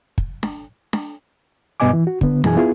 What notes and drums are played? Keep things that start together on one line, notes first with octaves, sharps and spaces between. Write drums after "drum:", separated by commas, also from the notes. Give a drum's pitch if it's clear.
drum: kick
drum: snare D4
drum: snare D4
G2 B2 B3 D#5 G#5 D6
E3
F#4
D3 B3, drum: kick
F#2 B2 E3 G#4 G#5, drum: snare D4
B3 E4 F4 G#4